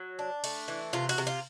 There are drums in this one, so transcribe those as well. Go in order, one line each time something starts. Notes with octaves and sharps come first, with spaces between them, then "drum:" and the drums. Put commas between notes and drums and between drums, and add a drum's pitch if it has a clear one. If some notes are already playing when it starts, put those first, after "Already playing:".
Already playing: F#3
D4
A3, drum: cymbal
E3
C3 F4
F#4, drum: cymbal
C3
F4